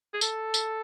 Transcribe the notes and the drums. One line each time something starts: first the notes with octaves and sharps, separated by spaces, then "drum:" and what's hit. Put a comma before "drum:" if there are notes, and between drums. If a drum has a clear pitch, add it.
G#4
A4, drum: tambourine
drum: tambourine